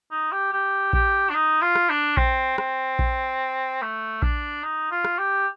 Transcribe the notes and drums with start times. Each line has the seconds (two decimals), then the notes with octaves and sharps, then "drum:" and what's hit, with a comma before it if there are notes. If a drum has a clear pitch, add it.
0.11 D#4
0.32 G4
0.53 G4
0.93 G4, drum: kick A#1
1.30 D4
1.34 D#4
1.62 F4
1.76 drum: rim click
1.90 D4
2.17 C4, drum: kick A#1
2.58 C4, drum: rim click
2.99 drum: kick A#1
3.82 A3
4.22 D4, drum: kick A#1
4.63 D#4
4.91 F4
5.05 drum: rim click
5.18 G4